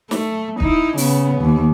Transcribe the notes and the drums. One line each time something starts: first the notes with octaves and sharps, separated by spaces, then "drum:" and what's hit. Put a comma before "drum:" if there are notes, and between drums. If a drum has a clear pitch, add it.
A3, drum: snare
D#4 E4, drum: kick
C#3 B3, drum: open hi-hat
D#2